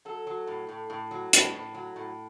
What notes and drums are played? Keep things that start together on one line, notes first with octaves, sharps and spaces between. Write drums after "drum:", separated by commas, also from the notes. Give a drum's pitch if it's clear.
F#3 A4
F#3
A2
A2
A2
F#3
A2, drum: hi-hat
A2
F#3
A2